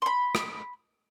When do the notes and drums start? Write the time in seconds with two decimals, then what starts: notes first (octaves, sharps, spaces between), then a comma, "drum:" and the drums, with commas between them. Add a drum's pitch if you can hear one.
0.02 B5 C6
0.35 drum: rim click